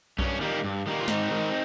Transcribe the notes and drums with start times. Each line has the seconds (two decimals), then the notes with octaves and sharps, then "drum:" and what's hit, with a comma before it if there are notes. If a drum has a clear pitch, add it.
0.18 G2 C#4, drum: kick B1
0.41 D#3 G3 A#3
0.64 G2
0.86 D#3 G3 A#3
1.01 F4
1.08 G#2 C4 D#4, drum: snare
1.31 D#3 G#3